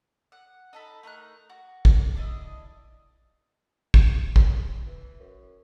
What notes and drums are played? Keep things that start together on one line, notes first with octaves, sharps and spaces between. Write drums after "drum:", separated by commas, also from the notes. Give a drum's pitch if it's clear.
F#5
D#4 A4 B5
A3 D#4 A#4 F#6
F#4
drum: kick
D4 E4 D#5
drum: kick
drum: kick
E3
F#2